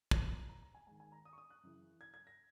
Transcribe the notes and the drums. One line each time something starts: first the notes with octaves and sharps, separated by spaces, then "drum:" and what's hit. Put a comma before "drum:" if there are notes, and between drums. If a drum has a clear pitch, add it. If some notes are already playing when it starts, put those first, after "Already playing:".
F#2 E3 A#5, drum: kick
B5
A#5
A#5
A#5
G#5
G#2 D#3 G#5
G#5
A#5
D#6
C#6
D#6
F#6
F#2 C#3 E3
G#6
G#6
A#6